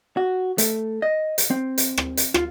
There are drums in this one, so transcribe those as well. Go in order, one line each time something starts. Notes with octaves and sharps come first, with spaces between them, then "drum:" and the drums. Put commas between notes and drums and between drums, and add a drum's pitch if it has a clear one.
F#4
A3, drum: hi-hat
D#5
drum: hi-hat
C4
drum: hi-hat
drum: rim click
drum: hi-hat
F4, drum: rim click